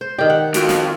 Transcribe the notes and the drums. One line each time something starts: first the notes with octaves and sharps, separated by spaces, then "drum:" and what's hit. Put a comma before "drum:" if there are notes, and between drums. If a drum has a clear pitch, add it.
C5
D#3 G4 D5
F#5
F2 F4 F#4 A4, drum: hi-hat
drum: snare